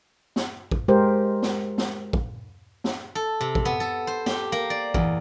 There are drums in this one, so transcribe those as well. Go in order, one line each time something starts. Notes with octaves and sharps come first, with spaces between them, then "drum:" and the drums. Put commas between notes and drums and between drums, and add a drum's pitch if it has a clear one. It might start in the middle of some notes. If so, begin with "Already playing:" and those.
drum: snare
drum: kick
G#3 G4 A#4 C5
drum: snare
drum: snare
drum: kick
drum: snare
A4
C3
drum: kick
B3
A4
C5
G4, drum: snare
A#3
D5
E2, drum: kick